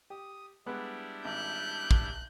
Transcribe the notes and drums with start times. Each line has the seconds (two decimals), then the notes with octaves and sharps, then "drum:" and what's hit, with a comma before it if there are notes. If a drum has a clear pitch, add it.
0.10 G4 D#6
0.66 G3 G#3 B3 D4 E4 F#6
1.24 G#1 F#6 G6
1.91 drum: kick